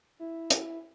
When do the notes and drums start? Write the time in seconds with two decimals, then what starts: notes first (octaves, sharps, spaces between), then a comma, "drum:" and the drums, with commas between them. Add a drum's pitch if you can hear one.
0.19 E4
0.50 drum: hi-hat